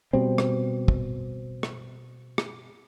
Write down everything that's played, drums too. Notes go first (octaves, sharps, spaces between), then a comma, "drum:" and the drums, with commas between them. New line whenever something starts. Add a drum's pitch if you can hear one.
B2 G3 C4
drum: rim click
drum: kick
drum: rim click
drum: rim click